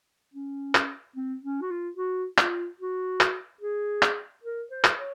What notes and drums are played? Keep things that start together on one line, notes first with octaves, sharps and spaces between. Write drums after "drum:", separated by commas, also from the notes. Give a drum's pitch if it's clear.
C#4
drum: clap
C4
C#4
F#4
F4
F#4
F4, drum: clap
F#4
drum: clap
G#4
drum: clap
A#4
C5
drum: clap
C#5